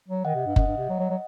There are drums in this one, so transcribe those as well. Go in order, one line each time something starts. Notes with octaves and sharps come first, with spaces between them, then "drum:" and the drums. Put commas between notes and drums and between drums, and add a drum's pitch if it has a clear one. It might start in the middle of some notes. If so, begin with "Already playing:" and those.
F#3
D#3 D#5 F#5
C3
G2
F#2 D#5 F#5, drum: kick F#1
G2
C3
F#3
F#3
F#3